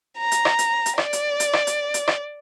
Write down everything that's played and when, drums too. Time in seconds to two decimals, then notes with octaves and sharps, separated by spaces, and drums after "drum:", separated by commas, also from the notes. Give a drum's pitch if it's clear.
0.18 A#5
0.32 drum: hi-hat
0.45 drum: rim click
0.59 drum: hi-hat
0.86 drum: hi-hat
0.98 D5, drum: rim click
1.13 drum: hi-hat
1.40 drum: hi-hat
1.53 drum: rim click
1.67 drum: hi-hat
1.94 drum: hi-hat
2.08 drum: rim click